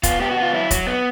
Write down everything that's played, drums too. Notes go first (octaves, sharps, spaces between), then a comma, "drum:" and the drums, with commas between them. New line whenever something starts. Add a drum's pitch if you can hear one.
B3 F4, drum: kick E1, hi-hat
B3 G4
F#4
B3 F4
F#3 E4
F#3, drum: kick E1, hi-hat
B3